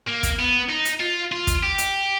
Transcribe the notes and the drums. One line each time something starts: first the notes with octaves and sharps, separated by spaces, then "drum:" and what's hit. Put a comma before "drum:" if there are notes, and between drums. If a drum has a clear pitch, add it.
A#3
drum: kick, hi-hat
B3
D#4
drum: hi-hat
F4
F4
drum: kick, hi-hat
G4
drum: hi-hat